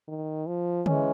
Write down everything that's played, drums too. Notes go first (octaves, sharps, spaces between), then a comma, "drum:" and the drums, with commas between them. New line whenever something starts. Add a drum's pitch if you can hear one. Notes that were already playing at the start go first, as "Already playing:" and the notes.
D#3
F3
E3 G#3 C#4, drum: tom D3